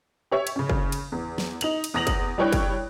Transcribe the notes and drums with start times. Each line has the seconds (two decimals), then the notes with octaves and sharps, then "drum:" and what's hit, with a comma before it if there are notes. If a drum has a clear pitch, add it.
0.31 G4 C#5 E5
0.47 drum: cymbal
0.56 C#3 C#4
0.70 drum: kick
0.92 drum: cymbal
1.12 E2
1.38 drum: snare
1.61 D#4 F7 F#7, drum: cymbal
1.84 drum: cymbal
1.94 E2 D#6 A#6 F7 F#7
2.07 drum: kick, cymbal
2.38 G3 D4 E4 C#5 G5 F#6
2.52 drum: kick, cymbal